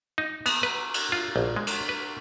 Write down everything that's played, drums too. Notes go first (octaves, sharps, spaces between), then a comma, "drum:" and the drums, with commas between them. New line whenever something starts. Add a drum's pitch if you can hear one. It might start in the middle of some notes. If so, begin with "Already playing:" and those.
D#4
B3, drum: cymbal
B4
drum: cymbal
F4
A#1
G#3
drum: cymbal
B4